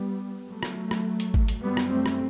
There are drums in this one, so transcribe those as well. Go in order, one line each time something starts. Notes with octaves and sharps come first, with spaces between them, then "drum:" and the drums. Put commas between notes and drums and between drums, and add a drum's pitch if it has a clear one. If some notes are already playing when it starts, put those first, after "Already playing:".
Already playing: G3 B3
F#3 A3
drum: rim click
drum: rim click
drum: hi-hat
drum: kick
drum: hi-hat
F#2 G3 B3
drum: rim click
A3 C4
drum: rim click